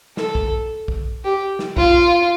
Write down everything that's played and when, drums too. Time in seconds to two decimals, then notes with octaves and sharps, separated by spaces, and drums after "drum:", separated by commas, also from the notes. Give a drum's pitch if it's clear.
0.17 A4, drum: snare
0.35 drum: kick A#1
0.88 drum: kick A#1
1.24 G4
1.59 drum: snare
1.77 F4, drum: kick A#1